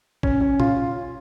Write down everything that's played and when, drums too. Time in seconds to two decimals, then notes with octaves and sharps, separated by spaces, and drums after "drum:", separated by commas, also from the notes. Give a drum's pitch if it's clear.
0.23 C#4, drum: kick
0.41 C#4
0.60 F4, drum: tom A#2